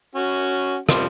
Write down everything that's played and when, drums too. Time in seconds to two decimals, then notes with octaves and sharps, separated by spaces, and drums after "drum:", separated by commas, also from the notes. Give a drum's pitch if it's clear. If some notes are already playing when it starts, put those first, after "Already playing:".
0.15 C#4 F#4
0.89 F3 G3 C4, drum: rim click